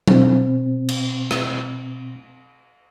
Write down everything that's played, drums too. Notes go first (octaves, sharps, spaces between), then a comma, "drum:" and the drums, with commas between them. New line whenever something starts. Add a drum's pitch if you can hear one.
B2 C4, drum: tom F#3
drum: cymbal
drum: rim click